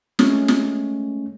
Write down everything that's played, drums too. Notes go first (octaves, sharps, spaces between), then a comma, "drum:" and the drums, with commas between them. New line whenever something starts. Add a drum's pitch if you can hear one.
G#3 A3 C#4, drum: snare
drum: snare